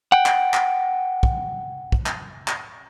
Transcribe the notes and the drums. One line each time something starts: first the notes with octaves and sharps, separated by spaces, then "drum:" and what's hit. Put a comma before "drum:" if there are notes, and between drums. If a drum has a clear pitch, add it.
F#5 G5
drum: clap
drum: clap
drum: kick
drum: kick
drum: clap
drum: clap